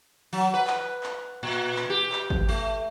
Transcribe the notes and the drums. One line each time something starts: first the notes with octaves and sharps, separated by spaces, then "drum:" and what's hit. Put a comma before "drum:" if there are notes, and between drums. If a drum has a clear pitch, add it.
F#3, drum: open hi-hat
B4
drum: clap
drum: clap
A#2
drum: clap
G4
drum: clap
drum: kick
A3, drum: open hi-hat